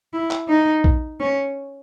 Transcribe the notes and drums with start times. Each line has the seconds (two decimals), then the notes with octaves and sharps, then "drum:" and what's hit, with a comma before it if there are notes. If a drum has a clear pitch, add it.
0.13 E4
0.31 drum: clap
0.48 D#4
0.84 drum: kick A#1
1.20 C#4